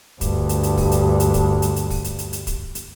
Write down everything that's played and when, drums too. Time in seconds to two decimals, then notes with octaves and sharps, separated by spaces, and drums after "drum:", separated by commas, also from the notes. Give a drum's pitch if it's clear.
0.21 D2 G2, drum: kick, hi-hat
0.49 drum: hi-hat
0.63 drum: hi-hat
0.77 drum: kick, open hi-hat
0.91 drum: hi-hat
1.20 drum: hi-hat
1.34 drum: kick, hi-hat
1.62 drum: hi-hat
1.76 drum: hi-hat
1.90 drum: kick, open hi-hat
2.04 drum: hi-hat
2.19 drum: hi-hat
2.33 drum: hi-hat
2.47 drum: kick, hi-hat
2.75 drum: hi-hat